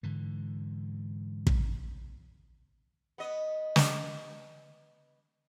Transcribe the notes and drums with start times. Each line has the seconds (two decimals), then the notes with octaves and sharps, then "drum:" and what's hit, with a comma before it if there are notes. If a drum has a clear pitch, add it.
0.03 G#2 D3 E3
1.47 drum: kick
3.18 B3 D#5
3.76 drum: snare